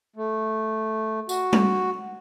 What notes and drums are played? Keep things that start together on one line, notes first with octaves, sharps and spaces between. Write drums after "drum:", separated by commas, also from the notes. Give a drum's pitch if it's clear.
A3
F#4, drum: tambourine
drum: tom G3